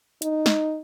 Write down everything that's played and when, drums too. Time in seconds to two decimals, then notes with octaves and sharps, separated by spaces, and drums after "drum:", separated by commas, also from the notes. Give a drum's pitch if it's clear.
0.22 D#4, drum: hi-hat
0.46 drum: snare